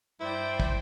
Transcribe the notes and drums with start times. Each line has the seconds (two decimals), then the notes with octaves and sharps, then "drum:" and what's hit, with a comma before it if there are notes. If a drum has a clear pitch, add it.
0.20 G2 E4 C5 D5 G5
0.60 drum: kick